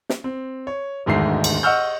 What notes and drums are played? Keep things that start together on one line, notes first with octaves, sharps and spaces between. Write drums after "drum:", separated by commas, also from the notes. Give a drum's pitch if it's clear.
drum: snare
C4
C#5
E1 D2 G#2 D#3 C7
drum: cymbal
D#5 F#5 C#6 E6 F6 G6